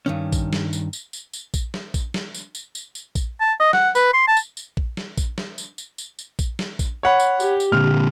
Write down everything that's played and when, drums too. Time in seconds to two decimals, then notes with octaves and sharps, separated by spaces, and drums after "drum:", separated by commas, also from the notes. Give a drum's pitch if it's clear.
0.06 G2 D#3 C#4
0.32 drum: kick A#1, tambourine
0.53 drum: snare
0.73 drum: tambourine
0.93 drum: tambourine
1.13 drum: tambourine
1.33 drum: tambourine
1.54 drum: kick A#1, tambourine
1.74 drum: snare
1.94 drum: kick A#1, tambourine
2.14 drum: snare
2.35 drum: tambourine
2.55 drum: tambourine
2.75 drum: tambourine
2.95 drum: tambourine
3.15 drum: kick A#1, tambourine
3.40 A5
3.60 D#5
3.73 F#5, drum: snare
3.95 B4, drum: tambourine
4.13 C6
4.28 A5
4.37 drum: tambourine
4.57 drum: tambourine
4.77 drum: kick A#1
4.97 drum: snare
5.18 drum: kick A#1, tambourine
5.38 drum: snare
5.58 drum: tambourine
5.78 drum: tambourine
5.98 drum: tambourine
6.19 drum: tambourine
6.39 drum: kick A#1, tambourine
6.59 drum: snare
6.79 drum: kick A#1, tambourine
7.03 C#5 F#5 B5
7.20 drum: tambourine
7.40 G4, drum: tambourine
7.60 drum: tambourine
7.72 A#2 D3 F6